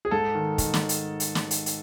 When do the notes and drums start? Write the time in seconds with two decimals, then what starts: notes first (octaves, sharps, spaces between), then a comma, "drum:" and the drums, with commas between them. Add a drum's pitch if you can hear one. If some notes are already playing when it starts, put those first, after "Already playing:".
0.05 G#4
0.11 G#2 A4
0.35 D#3
0.58 D#3, drum: kick, hi-hat
0.74 drum: snare
0.89 drum: hi-hat
1.20 drum: hi-hat
1.35 drum: snare
1.51 drum: hi-hat
1.66 drum: hi-hat